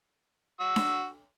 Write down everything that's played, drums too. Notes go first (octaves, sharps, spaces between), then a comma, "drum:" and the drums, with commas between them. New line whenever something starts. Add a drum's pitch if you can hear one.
F#4 E6
drum: snare D4